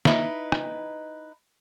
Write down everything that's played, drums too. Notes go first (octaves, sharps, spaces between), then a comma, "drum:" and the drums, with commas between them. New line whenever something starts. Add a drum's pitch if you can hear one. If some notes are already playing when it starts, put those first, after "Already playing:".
D#4 E4 B4, drum: snare
drum: rim click